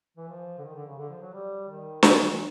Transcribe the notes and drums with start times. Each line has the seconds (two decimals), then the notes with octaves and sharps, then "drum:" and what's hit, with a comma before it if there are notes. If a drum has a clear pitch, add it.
0.17 E3
0.29 F3
0.58 D3
0.63 D#3
0.75 D3
0.86 C#3
0.98 D3
1.09 F3
1.21 F#3
1.33 G3
1.68 D#3
2.03 D#3, drum: snare
2.14 D#3
2.26 E3